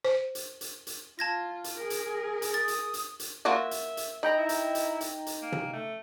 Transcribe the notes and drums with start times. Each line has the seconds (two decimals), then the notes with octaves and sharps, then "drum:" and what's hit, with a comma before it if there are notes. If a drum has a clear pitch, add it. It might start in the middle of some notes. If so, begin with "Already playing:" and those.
0.05 C5
0.35 drum: hi-hat
0.61 drum: hi-hat
0.87 drum: hi-hat
1.19 F4 A5 G#6 A#6
1.64 drum: hi-hat
1.76 G#4 A#4
1.90 drum: hi-hat
2.42 drum: hi-hat
2.54 D#6 A6
2.68 drum: hi-hat
2.94 drum: hi-hat
3.19 drum: hi-hat
3.45 A#3 F4 F#4 E5
3.71 drum: hi-hat
3.97 drum: hi-hat
4.23 D#4 G5 A#5 B5
4.38 E4
4.49 drum: hi-hat
4.75 drum: hi-hat
5.01 drum: hi-hat
5.26 drum: hi-hat
5.42 A#3
5.52 drum: tom
5.73 A3